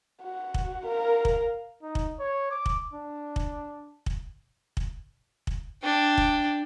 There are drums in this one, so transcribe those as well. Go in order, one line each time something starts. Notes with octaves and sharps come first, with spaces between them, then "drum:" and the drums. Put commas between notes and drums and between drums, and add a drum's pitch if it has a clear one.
F#4
drum: kick
A#4 F5
drum: kick
D#4
drum: kick
C#5
D6
drum: kick
D4
drum: kick
drum: kick
drum: kick
drum: kick
D4 G5
drum: kick